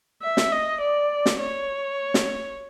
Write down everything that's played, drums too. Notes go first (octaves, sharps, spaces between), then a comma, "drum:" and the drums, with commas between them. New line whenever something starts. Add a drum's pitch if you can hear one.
E5
drum: snare
D#5
D5
drum: snare
C#5
drum: snare